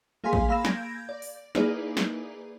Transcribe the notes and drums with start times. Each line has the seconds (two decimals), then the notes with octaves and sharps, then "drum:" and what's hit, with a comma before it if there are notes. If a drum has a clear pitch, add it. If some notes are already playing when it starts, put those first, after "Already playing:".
0.24 A#3 G#4 F5 G#5 C6 B6
0.33 drum: kick
0.49 A#3 F5 B5 E6 A#6 E7
0.65 G6 G#6 A#6 D7, drum: snare
1.09 D5
1.22 drum: open hi-hat
1.55 A#3 D#4 E4 G#4 B4 D5, drum: snare
1.97 drum: snare